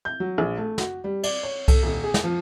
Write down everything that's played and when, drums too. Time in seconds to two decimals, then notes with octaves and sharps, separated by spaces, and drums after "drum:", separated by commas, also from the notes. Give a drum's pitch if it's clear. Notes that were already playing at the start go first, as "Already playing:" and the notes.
0.05 G6
0.20 F#3
0.38 A#1
0.57 A3
0.78 F#4, drum: snare
1.04 G3
1.23 D5, drum: cymbal
1.43 C#5
1.68 A4, drum: kick C2, cymbal
1.83 D#1
2.04 G#4
2.14 drum: snare
2.24 F3